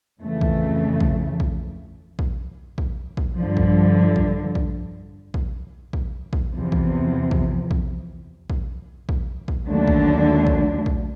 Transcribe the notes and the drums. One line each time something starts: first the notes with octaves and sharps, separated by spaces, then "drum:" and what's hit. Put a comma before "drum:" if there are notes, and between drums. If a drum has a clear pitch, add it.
F2 C#3 E3 A3
drum: kick
drum: kick
drum: kick
drum: kick
drum: kick
drum: kick
G2 D3 F3
drum: kick
drum: kick
drum: kick
drum: kick
drum: kick
drum: kick
E2 C3 F3
drum: kick
drum: kick
drum: kick
drum: kick
drum: kick
drum: kick
D#2 D3 F#3 A3 D4
drum: kick
drum: kick
drum: kick